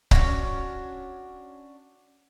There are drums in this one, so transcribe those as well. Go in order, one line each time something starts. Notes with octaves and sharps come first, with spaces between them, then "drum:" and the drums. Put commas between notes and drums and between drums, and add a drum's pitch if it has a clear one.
C#4 D4 F#4 C#5, drum: kick C#1